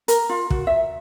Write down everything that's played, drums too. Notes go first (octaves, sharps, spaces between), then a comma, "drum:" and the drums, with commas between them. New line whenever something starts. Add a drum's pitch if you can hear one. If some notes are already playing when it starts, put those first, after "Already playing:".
A#4, drum: hi-hat
F4
F#4, drum: kick
E5